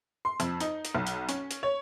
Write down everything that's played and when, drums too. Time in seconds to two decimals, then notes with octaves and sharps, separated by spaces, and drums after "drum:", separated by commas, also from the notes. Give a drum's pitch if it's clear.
0.25 C6
0.40 F2, drum: hi-hat
0.60 D#4, drum: hi-hat
0.85 drum: hi-hat
0.95 B1
1.07 drum: hi-hat
1.29 C#4, drum: hi-hat
1.51 drum: hi-hat
1.63 C#5